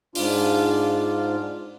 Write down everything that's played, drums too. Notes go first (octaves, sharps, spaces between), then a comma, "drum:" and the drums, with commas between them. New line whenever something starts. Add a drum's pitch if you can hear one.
G#2 D4 F4, drum: open hi-hat